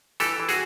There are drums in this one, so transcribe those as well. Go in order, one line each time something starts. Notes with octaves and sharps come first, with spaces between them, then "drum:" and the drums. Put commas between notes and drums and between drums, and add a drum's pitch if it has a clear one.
E3 G4 A4, drum: hi-hat
E3
F#4 G#4, drum: hi-hat